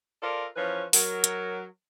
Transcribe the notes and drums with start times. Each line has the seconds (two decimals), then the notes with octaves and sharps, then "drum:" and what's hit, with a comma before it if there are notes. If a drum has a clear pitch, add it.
0.22 F4 A4 A#4 C5 D5
0.56 E3 F3 C#4 F4 B4 C#5
0.93 F#3 A#4, drum: open hi-hat
1.24 drum: hi-hat